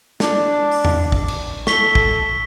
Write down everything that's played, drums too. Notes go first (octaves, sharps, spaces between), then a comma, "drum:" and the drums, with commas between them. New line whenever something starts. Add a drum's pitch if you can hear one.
D4, drum: snare
drum: open hi-hat
drum: tom E2
drum: kick
drum: cymbal
A4 C#6 B6 G7, drum: snare
drum: kick